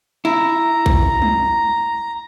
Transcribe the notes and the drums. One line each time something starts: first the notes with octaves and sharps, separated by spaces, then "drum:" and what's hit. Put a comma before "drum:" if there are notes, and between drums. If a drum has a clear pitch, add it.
E4 A#5
drum: kick A#1
drum: tom F#3